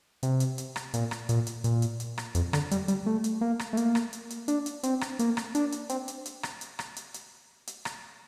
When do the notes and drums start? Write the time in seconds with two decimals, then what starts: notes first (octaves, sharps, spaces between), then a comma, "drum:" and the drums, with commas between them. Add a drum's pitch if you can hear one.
0.23 C3, drum: hi-hat
0.40 drum: hi-hat
0.58 drum: hi-hat
0.76 drum: rim click
0.94 A#2, drum: hi-hat
1.11 drum: rim click
1.29 A#2, drum: hi-hat
1.47 drum: hi-hat
1.64 A#2, drum: hi-hat
1.82 drum: hi-hat
2.00 drum: hi-hat
2.18 drum: rim click
2.35 F2, drum: hi-hat
2.53 D3, drum: rim click
2.71 G3, drum: hi-hat
2.88 G3, drum: hi-hat
3.06 A3
3.24 drum: hi-hat
3.41 A#3
3.59 drum: rim click
3.73 A3
3.77 A#3, drum: hi-hat
3.95 drum: rim click
4.13 drum: hi-hat
4.30 drum: hi-hat
4.48 D4, drum: hi-hat
4.66 drum: hi-hat
4.83 C4, drum: hi-hat
5.01 drum: rim click
5.19 A#3, drum: hi-hat
5.37 drum: rim click
5.55 D4, drum: hi-hat
5.72 drum: hi-hat
5.89 C4, drum: hi-hat
6.08 drum: hi-hat
6.26 drum: hi-hat
6.43 drum: rim click
6.61 drum: hi-hat
6.79 drum: rim click
6.96 drum: hi-hat
7.14 drum: hi-hat
7.67 drum: hi-hat
7.85 drum: rim click